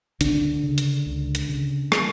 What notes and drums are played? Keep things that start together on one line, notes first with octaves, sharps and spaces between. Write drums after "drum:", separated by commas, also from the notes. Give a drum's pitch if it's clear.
C#2 D3 D4, drum: hi-hat
C#3
drum: hi-hat
C#2
drum: hi-hat
C#3
drum: rim click